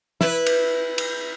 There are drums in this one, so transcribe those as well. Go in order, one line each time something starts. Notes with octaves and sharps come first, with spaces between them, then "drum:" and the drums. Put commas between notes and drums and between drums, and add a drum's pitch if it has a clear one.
E4 B4, drum: snare
drum: cymbal
drum: cymbal